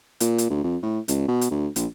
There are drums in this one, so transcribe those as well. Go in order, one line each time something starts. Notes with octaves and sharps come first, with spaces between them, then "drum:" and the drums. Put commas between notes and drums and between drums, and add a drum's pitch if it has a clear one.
A#2, drum: hi-hat
drum: hi-hat
D2
F2
A2
C#2, drum: hi-hat
B2
drum: hi-hat
D2
A#1, drum: hi-hat